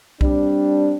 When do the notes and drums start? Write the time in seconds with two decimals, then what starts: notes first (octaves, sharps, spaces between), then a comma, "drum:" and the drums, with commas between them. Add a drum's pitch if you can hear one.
0.21 G3 C4 D4, drum: kick B1